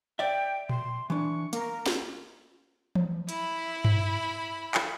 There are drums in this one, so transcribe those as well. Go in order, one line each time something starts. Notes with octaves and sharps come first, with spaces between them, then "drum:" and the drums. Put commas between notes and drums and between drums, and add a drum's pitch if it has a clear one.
D5 E5 G5
C6, drum: tom A#2
E3 D4 C#6
A#3 A#4, drum: hi-hat
drum: snare
drum: tom E3
E4 B5, drum: hi-hat
drum: tom G2
drum: clap